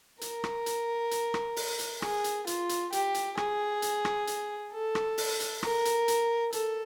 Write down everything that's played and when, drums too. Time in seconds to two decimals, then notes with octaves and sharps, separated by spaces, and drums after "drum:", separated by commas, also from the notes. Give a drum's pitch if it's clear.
0.21 A#4, drum: hi-hat
0.44 drum: rim click
0.66 drum: hi-hat
1.11 drum: hi-hat
1.34 drum: rim click
1.56 drum: open hi-hat
1.79 drum: hi-hat
2.02 G#4, drum: rim click
2.24 drum: hi-hat
2.47 F4, drum: hi-hat
2.69 drum: hi-hat
2.92 G4, drum: hi-hat
3.14 drum: hi-hat
3.37 G#4, drum: rim click
3.82 drum: hi-hat
4.05 drum: rim click
4.27 drum: hi-hat
4.72 A4
4.95 drum: rim click
5.18 drum: open hi-hat
5.40 drum: hi-hat
5.63 A#4, drum: rim click
5.85 drum: hi-hat
6.08 drum: hi-hat
6.53 A4, drum: hi-hat